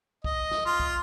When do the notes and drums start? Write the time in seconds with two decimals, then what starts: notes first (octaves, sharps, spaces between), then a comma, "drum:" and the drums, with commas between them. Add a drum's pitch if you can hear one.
0.24 D#5, drum: kick
0.51 drum: snare
0.65 F4
0.80 drum: kick